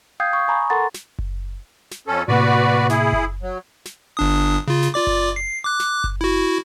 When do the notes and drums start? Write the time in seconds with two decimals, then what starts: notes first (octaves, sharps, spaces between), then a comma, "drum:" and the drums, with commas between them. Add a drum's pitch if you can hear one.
0.20 F5 G5 D#6 G6 G#6 C7
0.33 C#6 D#6
0.48 G#5 A#5 B5 C#6
0.70 A4 A#4 F#5 A#5 C6 A6
0.94 drum: snare
1.19 drum: kick F#1
1.91 drum: snare
2.07 F2 C#4 A4
2.28 A2 C3 A#3 F#4 B4 D5
2.90 E4 G#4, drum: snare
3.13 drum: kick F#1
3.42 F#3
3.85 drum: snare
4.17 G1 D4 D#6
4.68 C#3 F4
4.83 drum: snare
4.94 F4 D5 D6
5.07 drum: kick F#1
5.36 C7
5.64 D6 F#6
5.80 drum: snare
6.04 drum: kick F#1
6.21 E4 F#4